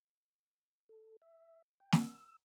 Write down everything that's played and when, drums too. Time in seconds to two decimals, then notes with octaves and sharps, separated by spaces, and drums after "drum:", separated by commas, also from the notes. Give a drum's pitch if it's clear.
0.89 A4
1.22 E5
1.80 G5
1.92 E6, drum: snare